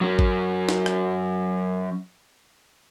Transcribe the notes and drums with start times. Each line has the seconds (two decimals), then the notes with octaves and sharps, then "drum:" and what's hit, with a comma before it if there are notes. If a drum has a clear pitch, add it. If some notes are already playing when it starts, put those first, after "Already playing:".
0.01 F#3 C#4
0.19 drum: kick G#1
0.69 drum: snare
0.86 drum: rim click